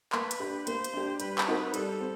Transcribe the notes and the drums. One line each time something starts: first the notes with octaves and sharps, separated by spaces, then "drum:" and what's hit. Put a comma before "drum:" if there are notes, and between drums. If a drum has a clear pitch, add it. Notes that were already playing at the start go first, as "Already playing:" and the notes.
A#3 B4, drum: clap
drum: hi-hat
D4 G4
A#3 C5, drum: hi-hat
drum: hi-hat
D4 G4
G3 B4, drum: hi-hat
drum: clap
C4 D#4 F#4 A#4
G3 A4, drum: hi-hat
C4